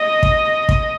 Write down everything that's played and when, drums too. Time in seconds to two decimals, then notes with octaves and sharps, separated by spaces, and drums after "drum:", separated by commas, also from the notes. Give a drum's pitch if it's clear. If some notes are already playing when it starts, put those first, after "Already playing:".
Already playing: D#5
0.23 drum: kick
0.69 drum: kick